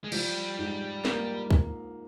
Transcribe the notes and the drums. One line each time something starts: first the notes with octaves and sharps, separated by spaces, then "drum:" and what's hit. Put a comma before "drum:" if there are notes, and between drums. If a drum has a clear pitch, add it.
G#3
F3 G3, drum: cymbal
G#2
A#3, drum: snare
drum: kick C2